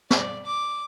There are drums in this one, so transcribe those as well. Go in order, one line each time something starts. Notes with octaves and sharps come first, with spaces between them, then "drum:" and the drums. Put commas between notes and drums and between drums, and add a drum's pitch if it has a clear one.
D5, drum: snare
D6